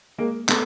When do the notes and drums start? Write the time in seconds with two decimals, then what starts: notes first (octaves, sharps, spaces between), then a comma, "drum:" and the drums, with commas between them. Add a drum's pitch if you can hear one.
0.18 G#3 A#3
0.49 A3 B3, drum: clap